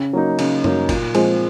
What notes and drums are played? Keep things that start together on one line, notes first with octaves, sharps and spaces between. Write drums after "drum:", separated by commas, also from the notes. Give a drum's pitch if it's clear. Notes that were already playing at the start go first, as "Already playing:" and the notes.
Already playing: C#3
F#3 A#3 D#4
C#3, drum: cymbal
F#3 A#3 D#4, drum: tom F#2
A#2, drum: kick F#1, cymbal
F3 G#3 C4, drum: cymbal